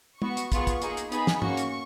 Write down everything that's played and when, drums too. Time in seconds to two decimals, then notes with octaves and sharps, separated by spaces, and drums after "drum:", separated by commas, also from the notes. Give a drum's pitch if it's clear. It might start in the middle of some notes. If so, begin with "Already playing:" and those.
0.22 B3 F#4 C#6, drum: tom
0.37 drum: hi-hat
0.52 B3 F4 G#4 C#6, drum: kick, hi-hat
0.67 drum: kick, hi-hat
0.82 A#3 D#4 G#4, drum: hi-hat
0.97 drum: hi-hat
1.12 B3 D#4 G#4 B5, drum: hi-hat
1.27 drum: snare
1.42 A#3 C#4 F#4 C#6, drum: tom
1.57 drum: hi-hat